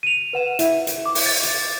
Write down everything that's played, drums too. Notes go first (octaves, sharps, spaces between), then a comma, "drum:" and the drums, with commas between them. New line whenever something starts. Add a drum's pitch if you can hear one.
D#7 F7
B4 F#5 E7
E4 E5, drum: hi-hat
drum: hi-hat
D6
drum: open hi-hat
A6
drum: hi-hat